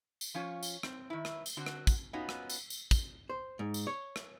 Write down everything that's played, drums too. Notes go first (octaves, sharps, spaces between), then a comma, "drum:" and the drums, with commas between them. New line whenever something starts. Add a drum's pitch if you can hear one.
drum: tambourine
F3 C#4 F4 C#5
drum: tambourine
C4, drum: rim click
D#3 E4
drum: rim click
drum: tambourine
D3 C4 F#4
drum: rim click
drum: kick, tambourine
B3 C#4 D#4 F4 F#4
drum: rim click
drum: tambourine
drum: tambourine
drum: kick, tambourine
C5
G#2
drum: tambourine
C#5
drum: rim click